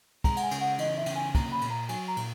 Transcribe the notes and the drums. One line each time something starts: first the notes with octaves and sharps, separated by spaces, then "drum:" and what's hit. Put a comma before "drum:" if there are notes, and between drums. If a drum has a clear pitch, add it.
G#3 A#5, drum: kick, cymbal
F#5, drum: cymbal
G#5
C#3, drum: cymbal
F#5
E3 D#5, drum: cymbal
E5
C#3, drum: cymbal
G#5
A#3 A#5, drum: kick, cymbal
B5
A#2, drum: cymbal
A#5
F#3 G#5, drum: cymbal
A#5
A#2, drum: cymbal